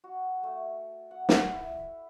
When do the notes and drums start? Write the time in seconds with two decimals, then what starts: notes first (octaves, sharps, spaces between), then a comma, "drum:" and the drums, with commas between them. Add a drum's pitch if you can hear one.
0.04 F#4
0.43 A3
1.11 F#5
1.29 drum: snare
1.51 E4